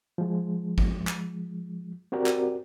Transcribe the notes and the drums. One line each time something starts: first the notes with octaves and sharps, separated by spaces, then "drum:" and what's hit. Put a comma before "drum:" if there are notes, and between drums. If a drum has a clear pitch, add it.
F3 G#3
drum: kick
drum: clap
C4 F#4 G4 A#4 D5
drum: clap